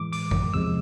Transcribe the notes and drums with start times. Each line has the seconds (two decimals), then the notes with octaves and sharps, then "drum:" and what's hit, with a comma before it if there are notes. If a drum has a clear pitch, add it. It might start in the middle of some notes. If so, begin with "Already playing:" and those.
Already playing: A2 E3 G#3 D6
0.13 D6, drum: open hi-hat
0.31 drum: kick
0.54 E2 C3 F3 G#3 E6